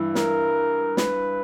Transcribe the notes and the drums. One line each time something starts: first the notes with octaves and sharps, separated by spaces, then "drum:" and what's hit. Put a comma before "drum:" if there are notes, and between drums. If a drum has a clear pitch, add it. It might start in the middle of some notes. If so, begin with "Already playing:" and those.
Already playing: G2 E3 E4
A#4, drum: snare
B4, drum: snare